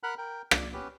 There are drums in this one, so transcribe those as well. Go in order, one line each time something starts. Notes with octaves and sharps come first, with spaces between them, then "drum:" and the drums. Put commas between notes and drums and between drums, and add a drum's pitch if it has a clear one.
A#4 F#5 B5 F6 F#6
A#4 G5
D5, drum: rim click
B3 C#4 G4 B4